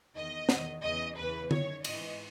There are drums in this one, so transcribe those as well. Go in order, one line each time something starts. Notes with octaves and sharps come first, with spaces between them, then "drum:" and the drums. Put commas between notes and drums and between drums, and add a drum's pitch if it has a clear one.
E2 D#3 D#5
E2 D#3, drum: snare
E2 C#3 E3 D#5
E2 C#3 E3 B4
F#2 D#3 C#5, drum: tom D3
G#2 E3 D#5, drum: cymbal